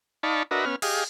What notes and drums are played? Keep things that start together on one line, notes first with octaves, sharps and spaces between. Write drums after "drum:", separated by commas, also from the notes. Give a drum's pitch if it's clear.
D#4 D5 F5 A5 B5 C#6
D4 F#4 A#4 B4 D#5 E5
B3 C#4 F6
G4 G#4 D#5 F5, drum: cymbal